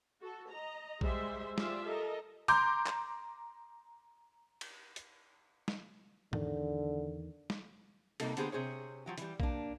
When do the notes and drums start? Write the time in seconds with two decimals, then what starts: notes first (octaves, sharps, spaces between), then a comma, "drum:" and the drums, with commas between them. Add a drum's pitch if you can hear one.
0.20 F#4 A4
0.51 D#5 A#5
1.01 G3 G#3 G#4 C5 E5, drum: kick A#1
1.58 F4 G4 G#4 C5 D5 E5, drum: snare
1.86 A4 A#4 D#5
2.48 A#5 C6 D6 G6, drum: hi-hat
2.86 drum: clap
4.61 drum: cymbal
4.96 drum: hi-hat
5.68 drum: snare
6.33 E2 D3 D#3, drum: tom G#2
7.50 drum: snare
8.20 C3 F3 G3 A#3 D#4 A4, drum: cymbal
8.37 D3 A#3 B3 G4 G#4 C5, drum: hi-hat
8.52 C3 G#4 C5 C#5
9.06 F3 F#3 G4
9.18 E3 G3, drum: hi-hat
9.40 A#3 D4, drum: kick A#1